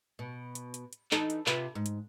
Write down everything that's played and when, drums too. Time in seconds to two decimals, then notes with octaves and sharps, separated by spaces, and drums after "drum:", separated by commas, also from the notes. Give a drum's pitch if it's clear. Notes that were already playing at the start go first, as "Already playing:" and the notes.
0.19 B2
0.55 drum: hi-hat
0.74 drum: hi-hat
0.93 drum: hi-hat
1.11 E3 D#4 A4, drum: clap
1.30 drum: hi-hat
1.46 C3 F4 B4, drum: clap
1.75 G#2
1.86 drum: hi-hat